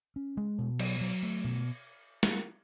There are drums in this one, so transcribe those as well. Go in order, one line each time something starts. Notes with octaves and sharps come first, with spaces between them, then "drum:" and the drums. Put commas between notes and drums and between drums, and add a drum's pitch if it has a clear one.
C#4
G#3
B2
F#3, drum: cymbal
F#3
A3
B2
drum: snare